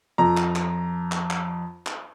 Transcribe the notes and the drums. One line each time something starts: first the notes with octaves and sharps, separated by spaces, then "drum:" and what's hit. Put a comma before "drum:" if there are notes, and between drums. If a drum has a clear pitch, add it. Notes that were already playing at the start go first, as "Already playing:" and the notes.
F2 A#5
drum: clap
drum: clap
drum: clap
drum: clap
drum: clap